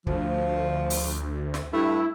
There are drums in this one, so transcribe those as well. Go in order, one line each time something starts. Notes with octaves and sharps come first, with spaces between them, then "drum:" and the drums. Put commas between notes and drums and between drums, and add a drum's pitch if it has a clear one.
D2 F3, drum: kick
drum: open hi-hat
drum: snare
G2 A3 E4